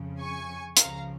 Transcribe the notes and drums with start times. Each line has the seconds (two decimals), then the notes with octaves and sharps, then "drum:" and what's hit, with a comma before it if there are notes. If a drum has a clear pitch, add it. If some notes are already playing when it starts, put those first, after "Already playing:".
Already playing: F2 C#3 F3
0.20 G#5 C#6
0.77 C#2 C#3 F3 F5 A#5, drum: hi-hat